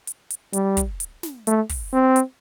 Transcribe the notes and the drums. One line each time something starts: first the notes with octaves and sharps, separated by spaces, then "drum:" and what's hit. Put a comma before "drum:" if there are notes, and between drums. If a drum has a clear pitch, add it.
drum: hi-hat
drum: hi-hat
G3, drum: hi-hat
drum: kick, hi-hat
drum: hi-hat
drum: snare
A3, drum: hi-hat
drum: kick, open hi-hat
C4
drum: hi-hat